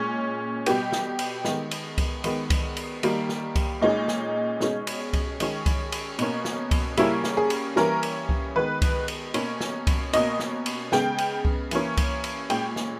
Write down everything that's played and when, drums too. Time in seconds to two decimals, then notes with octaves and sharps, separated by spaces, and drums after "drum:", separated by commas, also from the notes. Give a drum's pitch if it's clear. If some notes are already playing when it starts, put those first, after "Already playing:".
Already playing: A#2 G#3 C#4
0.66 B2 G3 B3 G4, drum: cymbal
0.92 drum: snare
1.19 drum: cymbal
1.45 D#3 G#3 B3, drum: snare
1.71 drum: cymbal
1.98 drum: kick C2, cymbal
2.24 D#3 G#3 B3, drum: cymbal
2.50 drum: kick C2, cymbal
2.77 drum: cymbal
3.03 D#3 G3 A#3, drum: cymbal
3.29 drum: snare
3.56 drum: kick C2, cymbal
3.82 A#2 G#3 C#4 D#4
4.08 drum: snare
4.61 B2 G#3 C#4, drum: snare
4.87 drum: cymbal
5.13 drum: kick C2, cymbal
5.40 D#3 G#3 C#4, drum: cymbal
5.66 drum: kick C2, cymbal
5.92 drum: cymbal
6.19 B2 A#3 C#4, drum: cymbal
6.45 drum: snare
6.71 drum: kick C2, cymbal
6.97 C#3 G3 A#3 C#4 E4, drum: cymbal
7.24 drum: snare
7.37 G#4
7.50 drum: cymbal
7.76 E3 G3 A#3 C#4 A#4, drum: snare
8.03 drum: cymbal
8.29 drum: kick C2
8.56 D#3 G#3 B3 B4
8.82 drum: kick C2, cymbal
9.08 drum: cymbal
9.34 B2 A#3 C#4, drum: cymbal
9.61 drum: snare
9.87 drum: kick C2, cymbal
10.13 B2 A#3 C#4 D#5, drum: cymbal
10.40 drum: snare
10.66 drum: cymbal
10.92 C#3 G#3 B3 G5, drum: snare
11.18 drum: cymbal
11.45 drum: kick C2
11.71 E3 A#3 C#4, drum: cymbal
11.97 drum: kick C2, cymbal
12.24 drum: cymbal
12.50 A#2 G#3 C#4 G5, drum: cymbal
12.76 drum: snare